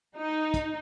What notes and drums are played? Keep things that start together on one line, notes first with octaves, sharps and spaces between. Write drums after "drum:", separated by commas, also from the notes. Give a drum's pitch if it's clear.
D#4
drum: kick, hi-hat